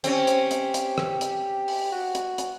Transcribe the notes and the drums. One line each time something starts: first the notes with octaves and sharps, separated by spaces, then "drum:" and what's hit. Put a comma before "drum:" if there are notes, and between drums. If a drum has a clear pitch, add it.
C4 C#4 G4, drum: hi-hat
drum: hi-hat
drum: hi-hat
drum: hi-hat
drum: rim click
drum: hi-hat
drum: open hi-hat
F#4
drum: hi-hat
drum: hi-hat